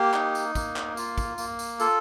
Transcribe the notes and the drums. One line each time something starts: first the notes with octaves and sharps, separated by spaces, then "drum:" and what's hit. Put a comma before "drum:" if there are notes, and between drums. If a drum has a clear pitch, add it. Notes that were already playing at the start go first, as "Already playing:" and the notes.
Already playing: A#3 G4
D#4, drum: clap
drum: tambourine
A#3, drum: kick, tambourine
drum: clap
F4, drum: tambourine
drum: kick, tambourine
A#3, drum: tambourine
drum: tambourine
F4 A4, drum: tambourine